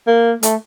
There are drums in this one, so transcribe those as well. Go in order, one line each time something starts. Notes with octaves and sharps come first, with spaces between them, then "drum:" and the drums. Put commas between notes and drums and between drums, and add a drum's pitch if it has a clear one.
A#3
A3, drum: hi-hat